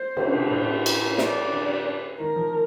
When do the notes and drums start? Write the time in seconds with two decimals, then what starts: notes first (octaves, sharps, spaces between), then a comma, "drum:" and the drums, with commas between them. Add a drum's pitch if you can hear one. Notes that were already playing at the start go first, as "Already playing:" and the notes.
Already playing: C5
0.17 D3, drum: cymbal
0.34 C3
0.51 A2
0.86 drum: cymbal
1.18 D5, drum: snare
1.52 D3
2.19 D#3 A#4
2.36 F3